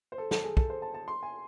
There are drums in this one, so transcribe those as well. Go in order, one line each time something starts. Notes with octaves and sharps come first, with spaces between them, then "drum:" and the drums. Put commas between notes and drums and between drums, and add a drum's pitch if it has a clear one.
C5
A4
A4, drum: snare
G#4
A4, drum: kick
C5
A5
A5
C6
G#5